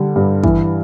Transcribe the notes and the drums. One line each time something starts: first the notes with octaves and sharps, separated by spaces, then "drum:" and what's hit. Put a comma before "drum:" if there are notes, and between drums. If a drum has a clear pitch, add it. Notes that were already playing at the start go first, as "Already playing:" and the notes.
Already playing: D3 G3
G2
E3, drum: kick